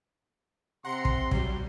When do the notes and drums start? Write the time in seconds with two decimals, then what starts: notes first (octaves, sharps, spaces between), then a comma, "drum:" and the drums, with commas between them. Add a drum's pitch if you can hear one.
0.85 C3 F#5 A#5 C6 C#7
1.05 drum: kick
1.31 F#3 G3, drum: kick